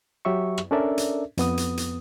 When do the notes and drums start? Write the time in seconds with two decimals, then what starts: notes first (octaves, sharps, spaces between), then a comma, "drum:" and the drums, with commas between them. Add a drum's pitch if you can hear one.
0.25 F#3 G4 E5 C#6
0.58 drum: rim click
0.71 C#4 D4 A4 A#4 D5 E5
0.98 drum: hi-hat
1.38 F2 B3 D#6, drum: hi-hat
1.57 drum: hi-hat
1.77 drum: hi-hat